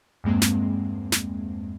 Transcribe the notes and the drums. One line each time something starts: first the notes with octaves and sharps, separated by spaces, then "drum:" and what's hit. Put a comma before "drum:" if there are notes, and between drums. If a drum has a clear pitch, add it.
E2 G2 G#3 A#3 C4
drum: snare
drum: snare